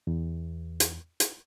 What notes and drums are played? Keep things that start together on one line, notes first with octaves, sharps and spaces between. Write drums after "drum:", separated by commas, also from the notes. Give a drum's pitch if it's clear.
E2
drum: hi-hat
drum: hi-hat